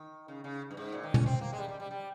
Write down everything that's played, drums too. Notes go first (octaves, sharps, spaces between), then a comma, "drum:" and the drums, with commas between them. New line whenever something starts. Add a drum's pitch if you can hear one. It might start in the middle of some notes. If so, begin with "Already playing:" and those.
Already playing: D#3
C#3
C#3
G2
G#2
A#2
D#3
C#4, drum: tom
C4
A#3
G#3
G3
G3
G3
G3